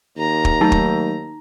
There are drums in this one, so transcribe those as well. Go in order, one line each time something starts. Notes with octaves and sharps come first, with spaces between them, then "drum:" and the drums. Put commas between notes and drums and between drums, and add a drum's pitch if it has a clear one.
D#2 A#5
drum: kick
F#3 A3 D#4
drum: kick